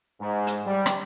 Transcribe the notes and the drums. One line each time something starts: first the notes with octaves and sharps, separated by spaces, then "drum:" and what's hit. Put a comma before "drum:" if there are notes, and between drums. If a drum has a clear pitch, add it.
G#2
drum: hi-hat
G3
drum: rim click